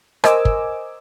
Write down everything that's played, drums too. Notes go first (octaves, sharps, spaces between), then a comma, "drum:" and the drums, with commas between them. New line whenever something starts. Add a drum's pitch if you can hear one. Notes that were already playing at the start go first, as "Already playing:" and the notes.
A#4 C5 D#5 G#5 D6 E6, drum: rim click
drum: kick